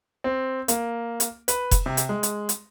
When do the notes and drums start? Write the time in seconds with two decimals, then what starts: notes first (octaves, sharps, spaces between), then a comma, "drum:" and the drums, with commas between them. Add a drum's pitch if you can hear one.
0.24 C4
0.68 A#3, drum: hi-hat
1.20 drum: hi-hat
1.48 B4, drum: hi-hat
1.71 drum: kick F1, hi-hat
1.86 C3
1.97 drum: hi-hat
2.09 G#3
2.23 drum: hi-hat
2.49 drum: hi-hat